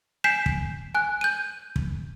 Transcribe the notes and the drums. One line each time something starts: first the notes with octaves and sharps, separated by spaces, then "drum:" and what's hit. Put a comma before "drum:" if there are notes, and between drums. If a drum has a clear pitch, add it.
G#5 G6 B6 C7 E7
drum: kick
G#5 F#6
G6 D#7
drum: kick